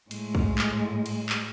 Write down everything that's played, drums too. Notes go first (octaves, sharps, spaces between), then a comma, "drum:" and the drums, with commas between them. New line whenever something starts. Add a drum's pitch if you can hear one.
A2 G#3, drum: cymbal
drum: kick
drum: clap
drum: cymbal
drum: clap